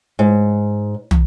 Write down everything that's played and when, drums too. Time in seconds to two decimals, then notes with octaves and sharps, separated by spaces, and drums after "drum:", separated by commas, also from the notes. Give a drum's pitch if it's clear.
0.19 G#2
1.11 drum: tom